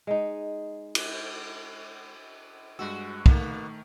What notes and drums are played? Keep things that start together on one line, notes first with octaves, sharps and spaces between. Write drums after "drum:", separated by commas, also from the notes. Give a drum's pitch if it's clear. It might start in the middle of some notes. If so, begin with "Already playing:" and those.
G#3 D#4
drum: cymbal
G2 G#3 F#4 E6
B2 D#3 A3 A#3, drum: kick